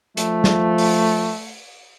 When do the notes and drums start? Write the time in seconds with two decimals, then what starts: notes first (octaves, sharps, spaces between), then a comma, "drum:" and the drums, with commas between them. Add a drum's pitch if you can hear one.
0.17 F3 A3, drum: hi-hat
0.44 drum: snare
0.78 drum: open hi-hat